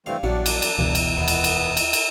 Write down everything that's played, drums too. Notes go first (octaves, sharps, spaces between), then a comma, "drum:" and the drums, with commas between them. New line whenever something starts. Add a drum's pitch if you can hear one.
G2 E3 A3 C4 F5
A#1 E2 G2 F#3 D4
drum: cymbal
drum: cymbal
F1 C#2 G2 B2 E3
drum: cymbal
D#2 G#3 B3
drum: cymbal
drum: cymbal
drum: cymbal
drum: cymbal